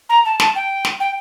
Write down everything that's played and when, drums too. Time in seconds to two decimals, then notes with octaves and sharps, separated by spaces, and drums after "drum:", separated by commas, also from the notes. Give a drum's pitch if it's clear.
0.09 A#5
0.25 A5
0.40 A5, drum: snare
0.55 G5
0.85 drum: snare
1.00 G5